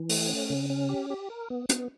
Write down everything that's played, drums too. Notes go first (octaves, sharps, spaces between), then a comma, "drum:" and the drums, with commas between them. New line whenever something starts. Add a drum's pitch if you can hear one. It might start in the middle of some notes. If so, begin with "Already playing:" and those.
Already playing: E3
A3, drum: open hi-hat
C#4
C#3
C#4
G4
G4
A#4
B3
B3, drum: hi-hat